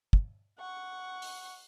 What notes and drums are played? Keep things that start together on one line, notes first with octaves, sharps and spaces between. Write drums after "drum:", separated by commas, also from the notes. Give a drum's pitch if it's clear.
drum: kick
F#5 C#6
drum: open hi-hat